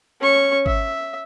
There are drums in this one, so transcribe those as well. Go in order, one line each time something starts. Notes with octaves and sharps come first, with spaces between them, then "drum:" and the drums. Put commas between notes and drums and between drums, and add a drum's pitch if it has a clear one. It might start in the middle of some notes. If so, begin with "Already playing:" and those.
C#4 C#6
E5, drum: kick G#1